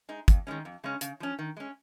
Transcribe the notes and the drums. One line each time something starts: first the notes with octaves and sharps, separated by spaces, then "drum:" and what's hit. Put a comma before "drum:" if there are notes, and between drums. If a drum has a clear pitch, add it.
G#3 D#4
F2, drum: kick, hi-hat
D#3 G#3 C#4
F2
C#3 G#3 C#4
C#3, drum: hi-hat
F3 C#4
D#3
G#3 C#4